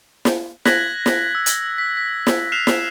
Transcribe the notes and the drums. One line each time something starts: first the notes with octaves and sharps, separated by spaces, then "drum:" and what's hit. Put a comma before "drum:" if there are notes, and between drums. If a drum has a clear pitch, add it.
drum: snare
F#6 G#6 A#6 B6 F#7, drum: snare
drum: snare
E6
drum: hi-hat
B6
B6
drum: snare
F6 F#6 C7 E7 F7
drum: snare